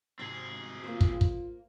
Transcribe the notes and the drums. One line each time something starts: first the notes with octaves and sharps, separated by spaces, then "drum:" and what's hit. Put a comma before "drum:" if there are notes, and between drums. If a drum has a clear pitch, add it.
G#2 C3 G#3 C4 G#4
A#3 F4 C5
drum: kick
drum: kick